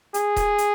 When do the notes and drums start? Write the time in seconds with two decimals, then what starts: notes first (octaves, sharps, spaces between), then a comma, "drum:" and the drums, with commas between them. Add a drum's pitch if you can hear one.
0.14 G#4, drum: hi-hat
0.36 drum: kick D#1, hi-hat
0.58 drum: hi-hat